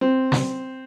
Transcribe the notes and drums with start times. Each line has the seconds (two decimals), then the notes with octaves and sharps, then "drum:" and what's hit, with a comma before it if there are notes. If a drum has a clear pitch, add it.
0.01 C4
0.32 drum: snare